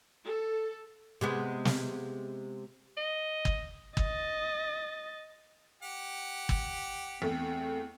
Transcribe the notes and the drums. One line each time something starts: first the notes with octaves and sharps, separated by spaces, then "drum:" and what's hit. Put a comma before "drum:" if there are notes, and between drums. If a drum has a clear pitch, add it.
A4
C3 G#3 B3
drum: snare
D#5
drum: kick G1
D#5 A6, drum: kick G1
G4 F#5
drum: kick G1
E2 A3 C4